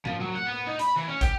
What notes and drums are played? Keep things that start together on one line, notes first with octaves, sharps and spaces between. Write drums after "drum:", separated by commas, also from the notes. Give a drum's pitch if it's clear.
F3, drum: tom A2
F#3
F#5
B3
D#4
B5, drum: hi-hat
E3
C#4
G4, drum: kick, hi-hat